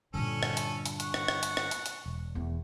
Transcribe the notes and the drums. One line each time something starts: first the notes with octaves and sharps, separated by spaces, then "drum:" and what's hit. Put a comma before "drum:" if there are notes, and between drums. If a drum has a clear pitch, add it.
G2 A#2 D3 C#4 E4 A4
drum: rim click
drum: hi-hat
drum: hi-hat
F#5 C#6, drum: hi-hat
drum: rim click
drum: rim click
drum: hi-hat
drum: rim click
drum: hi-hat
drum: hi-hat
E1
E2 D#3